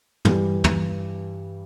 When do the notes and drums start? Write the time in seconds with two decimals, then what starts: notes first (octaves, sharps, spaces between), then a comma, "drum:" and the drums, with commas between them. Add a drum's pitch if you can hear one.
0.25 G2 E3 G3, drum: tom
0.64 drum: tom